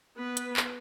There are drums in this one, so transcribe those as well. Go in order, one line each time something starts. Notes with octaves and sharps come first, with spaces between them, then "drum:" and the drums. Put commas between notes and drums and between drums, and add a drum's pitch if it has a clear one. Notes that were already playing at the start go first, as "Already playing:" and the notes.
B3 B4
drum: hi-hat
drum: clap